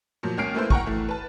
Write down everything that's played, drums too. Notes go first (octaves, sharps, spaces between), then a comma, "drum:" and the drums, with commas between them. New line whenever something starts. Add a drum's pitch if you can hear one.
A#2 F3 F#3
C#2 A#3 C#4 F6 C7 D7
A3 A#3 E4 B4 C5
F#5 G5 A#5 C#6, drum: kick
E3 A3
B4 A5